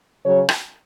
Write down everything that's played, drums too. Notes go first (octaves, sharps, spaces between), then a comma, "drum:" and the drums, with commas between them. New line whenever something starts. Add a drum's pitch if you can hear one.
C#3 F#3 C#5
drum: rim click